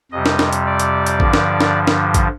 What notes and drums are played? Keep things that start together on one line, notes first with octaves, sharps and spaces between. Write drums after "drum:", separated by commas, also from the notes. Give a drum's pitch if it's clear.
F2 C3 G3 D#5
drum: snare
drum: snare
drum: hi-hat
D5
drum: hi-hat
drum: hi-hat
G2 D3 F3, drum: kick A1
drum: snare
drum: snare
drum: snare
drum: kick A1, hi-hat